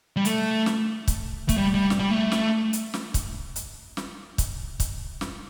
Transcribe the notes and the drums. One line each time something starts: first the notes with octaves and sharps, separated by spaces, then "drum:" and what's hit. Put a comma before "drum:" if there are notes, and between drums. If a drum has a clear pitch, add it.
G3
A3, drum: hi-hat
drum: snare
drum: kick, hi-hat
A3, drum: kick, hi-hat
G3
G3
drum: snare
G3
A3
drum: snare
drum: hi-hat
drum: snare
drum: kick, hi-hat
drum: hi-hat
drum: snare
drum: kick, hi-hat
drum: kick, hi-hat
drum: snare